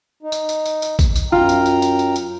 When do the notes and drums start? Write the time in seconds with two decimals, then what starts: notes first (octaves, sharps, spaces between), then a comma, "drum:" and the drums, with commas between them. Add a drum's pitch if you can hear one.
0.23 D#4
0.32 drum: tambourine
0.49 drum: tambourine
0.65 drum: tambourine
0.82 drum: tambourine
0.99 drum: kick, tambourine
1.16 drum: tambourine
1.32 F#2 F4 G5 A#5
1.49 drum: tambourine
1.66 drum: tambourine
1.82 drum: tambourine
1.99 drum: tambourine
2.16 drum: tambourine